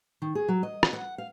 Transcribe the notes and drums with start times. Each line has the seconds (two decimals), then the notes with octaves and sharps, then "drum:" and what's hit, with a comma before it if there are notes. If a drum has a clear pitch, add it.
0.22 D#3
0.35 G#4
0.48 F#3
0.63 D#5
0.83 drum: rim click
0.93 F#5
1.18 F5